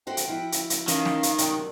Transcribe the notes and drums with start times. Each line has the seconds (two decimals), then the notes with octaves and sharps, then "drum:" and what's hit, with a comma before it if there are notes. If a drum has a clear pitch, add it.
0.07 A3 F#4 C5 G5
0.17 drum: hi-hat
0.28 F3 E4 F#4
0.52 drum: hi-hat
0.70 drum: hi-hat
0.88 D#3 E3 C#4 F5, drum: hi-hat
1.05 drum: snare
1.23 drum: hi-hat
1.38 F#2 C3 A#4 D5 G5, drum: hi-hat